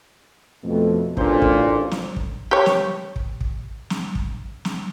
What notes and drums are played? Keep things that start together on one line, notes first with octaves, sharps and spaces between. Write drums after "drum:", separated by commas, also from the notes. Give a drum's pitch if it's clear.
F2 B2 A3
A1 A#2 D4 C5 C6, drum: kick
drum: kick
drum: snare
drum: kick
G4 C#5
drum: snare
drum: kick
drum: kick
drum: snare
drum: kick
drum: snare